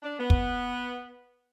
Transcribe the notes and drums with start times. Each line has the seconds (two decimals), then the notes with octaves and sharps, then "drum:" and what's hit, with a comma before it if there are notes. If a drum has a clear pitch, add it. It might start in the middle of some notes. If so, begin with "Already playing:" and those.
0.02 D4
0.19 B3
0.30 drum: kick